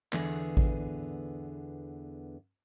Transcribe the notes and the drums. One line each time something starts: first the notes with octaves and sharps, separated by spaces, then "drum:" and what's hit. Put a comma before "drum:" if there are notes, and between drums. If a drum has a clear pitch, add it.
E2 D3 B3 G#4, drum: clap
drum: kick A1